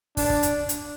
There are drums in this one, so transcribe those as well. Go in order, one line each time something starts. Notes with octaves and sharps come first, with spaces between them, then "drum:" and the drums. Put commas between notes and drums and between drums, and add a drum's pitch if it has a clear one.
D4, drum: kick, open hi-hat
drum: kick
drum: hi-hat
drum: hi-hat